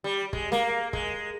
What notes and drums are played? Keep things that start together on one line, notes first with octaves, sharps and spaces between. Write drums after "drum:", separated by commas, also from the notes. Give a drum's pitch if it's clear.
G3
G#3, drum: kick
A#3, drum: snare
G#3, drum: kick